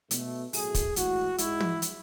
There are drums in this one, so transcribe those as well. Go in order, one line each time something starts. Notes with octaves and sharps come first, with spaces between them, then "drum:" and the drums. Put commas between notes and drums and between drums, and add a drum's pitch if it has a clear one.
B2 A3, drum: hi-hat
A2 F#3 A3 G#4, drum: open hi-hat
drum: kick, hi-hat
A2 E3 G#3 F#4, drum: hi-hat
G#2 G#3 E4, drum: hi-hat
drum: tom
drum: hi-hat